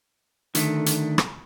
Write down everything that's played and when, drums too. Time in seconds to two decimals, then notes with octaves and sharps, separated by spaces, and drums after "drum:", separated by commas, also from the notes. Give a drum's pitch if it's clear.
0.55 D3 D#3 A3, drum: hi-hat
0.86 drum: hi-hat
1.18 drum: rim click